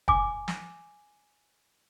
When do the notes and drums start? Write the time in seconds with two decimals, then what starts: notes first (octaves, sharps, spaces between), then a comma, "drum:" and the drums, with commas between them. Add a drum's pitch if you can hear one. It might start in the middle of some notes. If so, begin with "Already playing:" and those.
0.08 G#5 D6, drum: kick
0.48 drum: snare